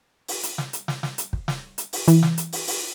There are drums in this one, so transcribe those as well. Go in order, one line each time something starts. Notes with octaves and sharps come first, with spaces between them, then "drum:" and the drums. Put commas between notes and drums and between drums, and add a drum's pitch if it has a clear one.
drum: open hi-hat
drum: hi-hat
drum: snare
drum: hi-hat
drum: snare
drum: snare
drum: hi-hat
drum: kick
drum: snare
drum: hi-hat
drum: open hi-hat
E3, drum: hi-hat
drum: snare
drum: hi-hat
drum: open hi-hat
drum: open hi-hat